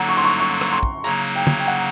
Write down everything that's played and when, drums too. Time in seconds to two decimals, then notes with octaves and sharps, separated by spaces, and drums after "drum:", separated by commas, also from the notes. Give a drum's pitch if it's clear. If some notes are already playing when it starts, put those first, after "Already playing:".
Already playing: D3 F#3 A#3 D#4 F#5 A#5
0.09 C#6
0.17 C6
0.24 C#6
0.40 C#6
0.61 drum: rim click
0.73 C6
0.83 drum: kick
1.04 C#3 F#3 A#3 D#4 A#5, drum: hi-hat
1.35 G5
1.47 drum: tom
1.59 G5
1.68 F#5